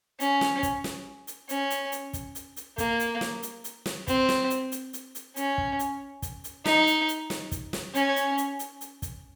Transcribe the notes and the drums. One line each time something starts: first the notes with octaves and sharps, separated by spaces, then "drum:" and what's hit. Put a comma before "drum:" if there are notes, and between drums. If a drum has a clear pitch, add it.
C#4, drum: hi-hat
drum: snare
drum: kick, hi-hat
drum: snare
drum: hi-hat
C#4, drum: hi-hat
drum: hi-hat
drum: hi-hat
drum: kick, hi-hat
drum: hi-hat
drum: hi-hat
A#3, drum: kick, hi-hat
drum: hi-hat
drum: snare
drum: hi-hat
drum: hi-hat
drum: snare
C4, drum: kick, hi-hat
drum: snare
drum: hi-hat
drum: hi-hat
drum: hi-hat
drum: hi-hat
C#4, drum: hi-hat
drum: kick
drum: hi-hat
drum: kick, hi-hat
drum: hi-hat
D#4, drum: snare
drum: hi-hat
drum: hi-hat
drum: snare
drum: kick, hi-hat
drum: snare
C#4, drum: hi-hat
drum: hi-hat
drum: hi-hat
drum: hi-hat
drum: hi-hat
drum: kick, hi-hat